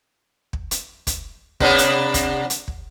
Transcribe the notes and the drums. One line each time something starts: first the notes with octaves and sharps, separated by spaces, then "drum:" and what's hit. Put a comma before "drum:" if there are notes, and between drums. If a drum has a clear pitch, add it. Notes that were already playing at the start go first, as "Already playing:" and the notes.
drum: kick
drum: hi-hat
drum: kick, hi-hat
C3 B3 D4, drum: kick
drum: hi-hat
drum: kick, hi-hat
drum: hi-hat
drum: kick